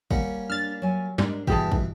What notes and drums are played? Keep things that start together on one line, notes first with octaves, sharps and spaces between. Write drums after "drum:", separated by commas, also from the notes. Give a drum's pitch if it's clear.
G3 A#3 C#4 F#5, drum: kick
D4 F6 A6
F#3 G#5
G#2 G3 D4 A#4, drum: snare
G2 B2 E3 E4 G4 G#4 A5, drum: kick
drum: kick